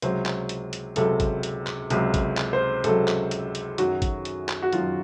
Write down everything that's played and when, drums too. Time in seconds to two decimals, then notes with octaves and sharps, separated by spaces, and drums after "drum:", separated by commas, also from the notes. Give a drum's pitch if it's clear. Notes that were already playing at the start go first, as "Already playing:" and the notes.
0.02 C#2 C3 F#3 C5, drum: hi-hat
0.26 drum: clap
0.49 drum: hi-hat
0.73 drum: hi-hat
0.96 C#2 C3 F#3 A4, drum: hi-hat
1.20 drum: kick G#1, hi-hat
1.43 drum: hi-hat
1.67 drum: clap
1.90 C#2 C3 F#3, drum: hi-hat
2.14 drum: kick G#1, hi-hat
2.37 drum: clap
2.53 C5
2.84 C#2 C3 F#3 A4, drum: hi-hat
3.08 drum: clap
3.31 drum: hi-hat
3.55 drum: hi-hat
3.78 F#2 D#3 F#3 F#4, drum: hi-hat
4.02 drum: kick G#1, hi-hat
4.25 drum: hi-hat
4.49 drum: clap
4.62 F#4
4.73 F#2 D#3 F#3 F4, drum: hi-hat